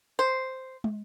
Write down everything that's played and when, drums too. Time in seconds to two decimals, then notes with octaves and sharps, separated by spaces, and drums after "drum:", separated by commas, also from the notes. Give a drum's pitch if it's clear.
0.19 C5
0.84 drum: tom